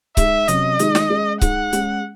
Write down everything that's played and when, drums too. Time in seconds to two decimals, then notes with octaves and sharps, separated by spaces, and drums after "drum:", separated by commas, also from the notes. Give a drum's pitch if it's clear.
0.17 G#3 D#4 G#4 E5, drum: kick C#1, hi-hat
0.48 C3 F#3 C#4 D#5, drum: hi-hat
0.79 D#3 G#3 D#4 G#4, drum: hi-hat
0.95 drum: snare
1.10 G#3 C#4 G#4
1.41 G#3 D#4 G#4 F#5, drum: kick C#1, hi-hat
1.73 G#3 C#4 G#4, drum: hi-hat